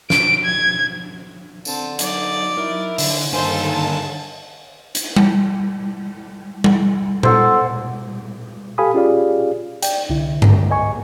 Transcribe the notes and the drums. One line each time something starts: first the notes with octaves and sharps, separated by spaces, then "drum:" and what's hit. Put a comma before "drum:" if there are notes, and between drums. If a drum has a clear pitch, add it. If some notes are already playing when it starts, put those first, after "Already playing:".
D7, drum: snare
G#6
D3 C4 A5, drum: tambourine
F#3 D#4 D5, drum: hi-hat
E4 A#4
D3, drum: open hi-hat
G2 D3 D#3 A#3 A4 C5 G#5
A5
drum: hi-hat
drum: tom G3
drum: tom G3
A4 C5 F#5, drum: tom A#2
G4 A4 F5 G#5 B5 D#6
C#4 F4 G4 G#4 D5 F5
D5 G5, drum: hi-hat
C2 D3 E4
drum: tom G2
D#5 G#5 C#6